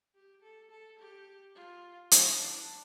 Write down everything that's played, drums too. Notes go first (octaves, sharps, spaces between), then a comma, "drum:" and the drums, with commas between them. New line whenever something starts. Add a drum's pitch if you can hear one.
G4
A4
A4
G4
F4
E4, drum: hi-hat
D4